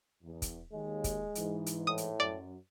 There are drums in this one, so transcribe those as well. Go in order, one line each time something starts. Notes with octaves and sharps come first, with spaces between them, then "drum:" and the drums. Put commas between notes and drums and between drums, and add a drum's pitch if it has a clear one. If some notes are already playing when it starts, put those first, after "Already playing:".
E2
drum: kick, hi-hat
D#2 G#3
drum: kick, hi-hat
G#2 E3, drum: hi-hat
drum: hi-hat
A2 D#6
drum: hi-hat
F#2 D5